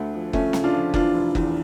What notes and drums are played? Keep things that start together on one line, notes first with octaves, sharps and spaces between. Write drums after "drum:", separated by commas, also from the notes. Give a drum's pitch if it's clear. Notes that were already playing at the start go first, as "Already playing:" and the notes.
Already playing: D2 D3 A3
F3
F3 A3 C#4, drum: kick F#1
C#3, drum: snare
D4 F4
F3
E3 D4 F4, drum: kick F#1
F1
E2, drum: kick F#1